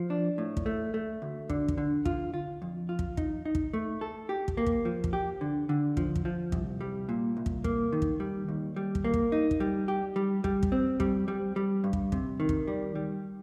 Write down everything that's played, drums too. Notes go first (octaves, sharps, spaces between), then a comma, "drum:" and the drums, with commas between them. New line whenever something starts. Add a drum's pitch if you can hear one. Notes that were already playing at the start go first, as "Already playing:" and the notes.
Already playing: F3
D4
A2
drum: kick
A3
A3
D2
D3, drum: kick
drum: kick
D3
F4, drum: kick
F4
F2
F4
drum: kick
D#4, drum: kick
D#4
drum: kick
A3
A4
G4
drum: kick
A#3
drum: kick
F3
drum: kick
G4
D3
D3
F3, drum: kick
drum: kick
F3
C2, drum: kick
G3
A#2
C2
drum: kick
A#3, drum: kick
D#3
drum: kick
G3
D#2
G3
drum: kick
A#3
drum: kick
D#4
drum: kick
G3
G4
G3
G3, drum: kick
drum: kick
C4
G3, drum: kick
G3
G3
G2
drum: kick
C3, drum: kick
D#3
drum: kick
G3
G3